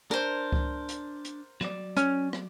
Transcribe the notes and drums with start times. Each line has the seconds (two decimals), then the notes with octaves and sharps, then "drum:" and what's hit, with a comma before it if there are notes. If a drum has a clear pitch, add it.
0.11 D4 A#4 C5
0.52 drum: kick C#2
0.89 drum: hi-hat
1.25 drum: hi-hat
1.61 F#3 D5, drum: rim click
1.97 C#4, drum: hi-hat
2.33 drum: rim click